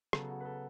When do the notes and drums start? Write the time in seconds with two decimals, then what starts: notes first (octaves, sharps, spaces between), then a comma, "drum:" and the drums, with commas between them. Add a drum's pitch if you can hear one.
0.13 C#3 F#3 B3 A4, drum: rim click
0.29 F#4
0.40 B4
0.45 A4